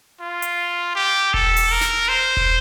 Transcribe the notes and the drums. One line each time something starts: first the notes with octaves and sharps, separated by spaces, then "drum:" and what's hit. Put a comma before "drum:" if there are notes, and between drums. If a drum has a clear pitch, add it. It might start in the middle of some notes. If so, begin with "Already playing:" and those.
F4
drum: hi-hat
G4
A4, drum: kick E1
drum: open hi-hat
A#4
drum: snare
C5
drum: kick E1